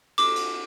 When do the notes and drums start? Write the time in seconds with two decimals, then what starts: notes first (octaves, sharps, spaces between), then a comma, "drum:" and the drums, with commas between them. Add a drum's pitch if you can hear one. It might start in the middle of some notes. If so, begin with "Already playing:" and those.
0.18 D6, drum: cymbal
0.36 drum: cymbal